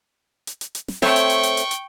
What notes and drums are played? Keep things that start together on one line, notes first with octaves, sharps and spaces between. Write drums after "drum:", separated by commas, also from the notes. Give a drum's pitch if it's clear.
drum: hi-hat
drum: hi-hat
drum: hi-hat
drum: snare
A3 C4 C#5 G5 C#6, drum: snare
drum: hi-hat
drum: hi-hat
drum: hi-hat
drum: hi-hat
drum: hi-hat